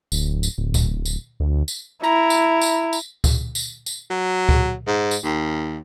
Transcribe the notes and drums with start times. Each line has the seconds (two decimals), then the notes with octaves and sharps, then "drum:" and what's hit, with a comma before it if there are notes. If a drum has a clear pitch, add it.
0.12 D1, drum: tambourine
0.43 drum: tambourine
0.58 D1
0.74 drum: kick C#2, tambourine
1.05 drum: tambourine
1.40 D2
1.68 drum: tambourine
2.03 E4 A#5
2.30 drum: tambourine
2.61 drum: tambourine
2.93 drum: tambourine
3.24 drum: kick C#2, tambourine
3.55 drum: tambourine
3.86 drum: tambourine
4.10 F#3
4.49 drum: kick C#2
4.87 G#2
5.11 drum: tambourine
5.24 D#2